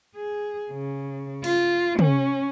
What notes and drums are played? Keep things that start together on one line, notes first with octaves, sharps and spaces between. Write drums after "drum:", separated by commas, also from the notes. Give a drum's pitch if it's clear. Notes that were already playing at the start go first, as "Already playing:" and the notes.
G#4
C#3
F4, drum: open hi-hat
C#4, drum: tom